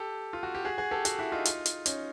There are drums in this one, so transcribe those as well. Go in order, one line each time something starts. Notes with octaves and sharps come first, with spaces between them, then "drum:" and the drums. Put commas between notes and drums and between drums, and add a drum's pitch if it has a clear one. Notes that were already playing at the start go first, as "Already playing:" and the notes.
Already playing: G4 A4
F4
F#4
G4
F#4 G#4
F#4 G#4
G4 A4
F#4 G#4, drum: hi-hat
E4 F#4
D#4 F4
drum: hi-hat
drum: hi-hat
C#4 D#4, drum: hi-hat